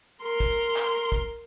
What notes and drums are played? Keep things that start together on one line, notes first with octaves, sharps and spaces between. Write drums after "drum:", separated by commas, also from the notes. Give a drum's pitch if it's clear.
A#4 C6
drum: kick
drum: clap
drum: kick